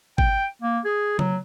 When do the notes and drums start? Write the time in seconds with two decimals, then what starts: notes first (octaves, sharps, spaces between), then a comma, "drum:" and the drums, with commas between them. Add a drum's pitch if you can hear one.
0.18 G5, drum: kick G#1
0.62 A#3
0.85 G#4
1.19 F#3, drum: tom C#3